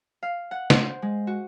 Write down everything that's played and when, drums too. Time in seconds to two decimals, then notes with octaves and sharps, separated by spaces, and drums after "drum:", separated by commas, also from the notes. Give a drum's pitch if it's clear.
0.23 F5
0.51 F#5
0.70 C5, drum: snare
1.02 G#3
1.27 F#4